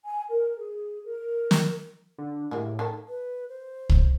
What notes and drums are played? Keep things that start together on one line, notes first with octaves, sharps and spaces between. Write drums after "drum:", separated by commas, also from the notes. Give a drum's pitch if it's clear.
G#5
A#4
G#4
A#4
drum: snare
D3
A2 G3 G#3 A#3
D#3 A4
B4
C5
drum: kick